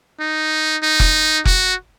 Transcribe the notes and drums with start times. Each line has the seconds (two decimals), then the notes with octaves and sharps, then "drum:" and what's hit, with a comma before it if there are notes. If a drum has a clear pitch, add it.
0.20 D#4
0.83 D#4
1.00 drum: kick F1
1.45 F#4, drum: kick F1